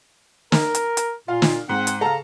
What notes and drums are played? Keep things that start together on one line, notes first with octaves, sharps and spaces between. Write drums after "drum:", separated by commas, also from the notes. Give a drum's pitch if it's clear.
A#4, drum: snare
drum: hi-hat
drum: hi-hat
A#2 F4 F5
drum: snare
G#2 C4 F#5
drum: hi-hat
C#3 A4 F5 A#5